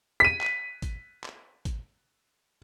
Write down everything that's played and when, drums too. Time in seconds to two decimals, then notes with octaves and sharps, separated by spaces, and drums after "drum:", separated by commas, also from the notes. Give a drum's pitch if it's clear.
0.20 B6 D#7
0.41 drum: clap
0.82 drum: kick G#1, hi-hat
1.24 drum: clap
1.65 drum: kick G#1, hi-hat